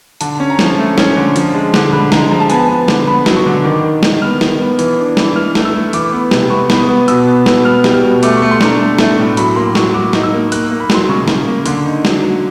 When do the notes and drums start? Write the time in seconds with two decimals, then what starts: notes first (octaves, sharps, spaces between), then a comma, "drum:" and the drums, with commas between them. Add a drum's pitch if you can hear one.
0.21 D3 A5, drum: hi-hat
0.40 C#4
0.50 A#5
0.59 F3, drum: snare
0.78 A3
0.98 C#4, drum: snare
1.16 D3
1.36 F3, drum: hi-hat
1.54 G#3
1.74 D3, drum: snare
1.93 D3 B5
2.12 G#3 A#5, drum: snare
2.31 F3 A#5
2.40 A5
2.50 B3 G#5, drum: hi-hat
2.59 A5
2.69 B3
2.88 D3, drum: snare
3.07 B3 B5
3.26 F#3, drum: snare
3.36 C#6
3.46 D3
3.64 D#3 D6
3.83 D#3
4.03 D#3, drum: snare
4.22 B3 F6
4.41 D#3, drum: snare
4.60 B3
4.79 E3, drum: hi-hat
4.98 D4
5.17 E3, drum: snare
5.36 E3 F6
5.55 A3, drum: snare
5.65 E6
5.74 A3
5.93 E3 D6, drum: hi-hat
6.12 B3
6.31 C3, drum: snare
6.50 B3 C#6
6.70 B3, drum: snare
6.79 D#6
6.89 B3
7.08 B2 E6, drum: hi-hat
7.27 B3
7.46 B2, drum: snare
7.65 B3 F6
7.84 G3, drum: snare
7.94 F6
8.04 B2
8.23 A3 D6, drum: hi-hat
8.37 C#6
8.42 A3
8.51 C6
8.61 D4 A#5, drum: snare
8.80 A3
8.99 A3, drum: snare
9.19 A2
9.37 F#3 B5, drum: hi-hat
9.56 A#3 C6
9.75 F#3 C#6, drum: snare
9.94 F#3 D6
10.13 D#4, drum: snare
10.24 E6
10.33 A#3
10.52 A#3 F#6, drum: hi-hat
10.71 A#3
10.80 B5
10.90 F#3 C6, drum: snare
11.09 C#3 C#6
11.28 C#3, drum: snare
11.48 A#3
11.66 D3 C6, drum: hi-hat
11.86 D#4
12.05 F#3, drum: snare
12.23 F#3